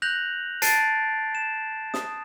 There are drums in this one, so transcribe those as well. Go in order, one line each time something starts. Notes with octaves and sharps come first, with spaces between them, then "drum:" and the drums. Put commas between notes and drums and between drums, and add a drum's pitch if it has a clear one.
F#6 G6 A#6 F7 F#7
A5 A6 C7 D7, drum: hi-hat
E7
D#6, drum: snare